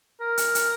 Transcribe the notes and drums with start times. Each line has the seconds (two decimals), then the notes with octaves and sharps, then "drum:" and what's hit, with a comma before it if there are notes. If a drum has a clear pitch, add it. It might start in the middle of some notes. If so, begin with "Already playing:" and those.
0.21 A#4
0.37 drum: hi-hat
0.55 drum: hi-hat